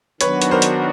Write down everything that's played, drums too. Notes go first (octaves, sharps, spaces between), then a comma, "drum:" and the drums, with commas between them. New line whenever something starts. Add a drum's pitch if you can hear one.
D#3 F#3 B3 D4 F#4 B4 C#5, drum: hi-hat
drum: hi-hat
A#4 C5
drum: hi-hat